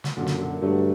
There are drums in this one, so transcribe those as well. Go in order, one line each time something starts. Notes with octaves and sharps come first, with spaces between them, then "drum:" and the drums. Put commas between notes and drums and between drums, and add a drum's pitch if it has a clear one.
drum: snare
F#2 A#2 D3
drum: snare
D3 F#3
G2 F#3 A3